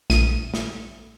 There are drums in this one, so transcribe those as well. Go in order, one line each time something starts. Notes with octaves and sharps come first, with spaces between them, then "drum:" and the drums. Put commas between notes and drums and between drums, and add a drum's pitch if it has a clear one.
A#1 D#7, drum: snare
drum: snare